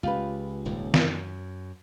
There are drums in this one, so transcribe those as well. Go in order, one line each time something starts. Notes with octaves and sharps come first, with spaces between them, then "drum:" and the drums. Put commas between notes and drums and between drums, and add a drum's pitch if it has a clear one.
C#2 F4 G4 B4
D#1 C#2 G#2
F#2, drum: snare